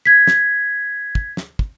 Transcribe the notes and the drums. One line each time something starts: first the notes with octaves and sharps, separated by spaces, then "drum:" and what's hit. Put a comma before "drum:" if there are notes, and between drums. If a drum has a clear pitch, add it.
G#6 B6
drum: snare
drum: kick
drum: snare
drum: kick